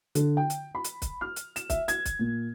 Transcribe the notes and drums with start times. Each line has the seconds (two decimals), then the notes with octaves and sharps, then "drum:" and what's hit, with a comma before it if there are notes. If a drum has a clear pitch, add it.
0.15 D3, drum: hi-hat
0.37 G5
0.50 drum: hi-hat
0.75 B5
0.84 drum: hi-hat
1.02 drum: kick, hi-hat
1.21 F6
1.36 drum: hi-hat
1.56 E7, drum: hi-hat
1.70 E5, drum: kick, hi-hat
1.88 G#6, drum: hi-hat
2.05 drum: kick, hi-hat
2.19 A#2